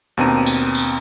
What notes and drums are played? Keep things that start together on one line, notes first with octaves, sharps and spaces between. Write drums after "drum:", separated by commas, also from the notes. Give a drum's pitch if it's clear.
D#2 B2 C4 D4 A#5 D#7
drum: tambourine
drum: tambourine